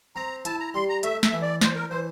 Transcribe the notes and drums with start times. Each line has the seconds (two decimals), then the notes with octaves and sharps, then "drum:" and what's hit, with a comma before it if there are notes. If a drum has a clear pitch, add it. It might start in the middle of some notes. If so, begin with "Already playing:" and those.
0.16 C4 A#5
0.45 E4 A5, drum: hi-hat
0.60 A#5
0.74 G3 C6
0.89 A#5
1.03 A3 E5, drum: hi-hat
1.23 E5, drum: snare
1.33 E3
1.42 D5
1.61 D4 C5, drum: snare
1.76 A#4
1.90 E3 C5